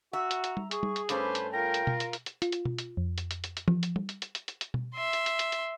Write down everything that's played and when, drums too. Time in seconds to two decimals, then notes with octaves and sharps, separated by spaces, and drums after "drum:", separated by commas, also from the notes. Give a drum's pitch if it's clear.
0.13 F#4 E5 A#5
0.31 drum: hi-hat
0.44 drum: hi-hat
0.57 drum: tom G3
0.71 G#4 C#6, drum: hi-hat
0.83 drum: tom G3
0.96 drum: hi-hat
1.09 G2 A3 C#4 B4 C5 D6, drum: hi-hat
1.35 drum: hi-hat
1.53 F4 A#4 G5 A#6
1.74 drum: hi-hat
1.87 drum: tom B2
2.00 drum: hi-hat
2.13 drum: hi-hat
2.26 drum: hi-hat
2.42 F4, drum: hi-hat
2.52 drum: hi-hat
2.65 drum: tom B2
2.78 drum: hi-hat
2.97 F2
3.18 drum: hi-hat
3.31 drum: hi-hat
3.44 drum: hi-hat
3.57 drum: hi-hat
3.68 F3, drum: tom
3.83 drum: hi-hat
3.96 drum: tom G3
4.09 drum: hi-hat
4.22 drum: hi-hat
4.35 drum: hi-hat
4.48 drum: hi-hat
4.61 drum: hi-hat
4.74 drum: tom B2
4.94 E5 C6
5.13 drum: hi-hat
5.26 drum: hi-hat
5.39 drum: hi-hat
5.52 drum: hi-hat